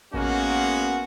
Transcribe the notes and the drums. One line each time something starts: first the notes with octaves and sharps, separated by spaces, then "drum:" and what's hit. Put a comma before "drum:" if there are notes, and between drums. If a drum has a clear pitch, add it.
G#3 A#3 B3 C#4 F#4, drum: kick A1